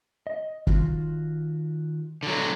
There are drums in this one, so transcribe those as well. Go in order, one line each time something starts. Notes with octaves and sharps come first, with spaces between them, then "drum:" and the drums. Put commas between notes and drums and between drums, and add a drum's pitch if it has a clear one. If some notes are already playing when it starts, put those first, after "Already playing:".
D#5
D#3 F4 F#4, drum: kick
D3 F#3